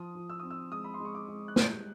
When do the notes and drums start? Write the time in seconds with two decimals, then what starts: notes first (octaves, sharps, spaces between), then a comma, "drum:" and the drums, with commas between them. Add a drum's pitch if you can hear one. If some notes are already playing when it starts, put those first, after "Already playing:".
Already playing: F3 D#6
0.15 F3
0.29 E6
0.39 C4 D#6
0.50 E6
0.71 G#3 D#6
0.84 B5
0.94 C6
1.00 G#3
1.05 C#6
1.15 D6
1.28 G#3
1.48 F#6
1.56 G3 G6, drum: snare